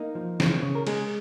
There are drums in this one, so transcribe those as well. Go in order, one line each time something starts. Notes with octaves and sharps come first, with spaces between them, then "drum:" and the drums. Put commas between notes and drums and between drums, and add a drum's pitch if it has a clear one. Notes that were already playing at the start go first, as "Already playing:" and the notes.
Already playing: A#3 D#4
F3
C#3, drum: snare
C#3
A#4
G#3 G#4, drum: cymbal